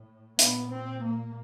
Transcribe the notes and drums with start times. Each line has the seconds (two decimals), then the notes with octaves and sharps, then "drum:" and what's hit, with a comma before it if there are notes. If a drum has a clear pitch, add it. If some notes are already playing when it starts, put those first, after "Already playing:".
Already playing: A2
0.39 A#2 B3, drum: hi-hat
0.71 C4
1.02 A#3